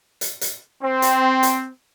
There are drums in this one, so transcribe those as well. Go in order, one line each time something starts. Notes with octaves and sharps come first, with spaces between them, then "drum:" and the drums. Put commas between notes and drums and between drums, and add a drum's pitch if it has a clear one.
drum: hi-hat
drum: hi-hat
C4
drum: hi-hat
drum: hi-hat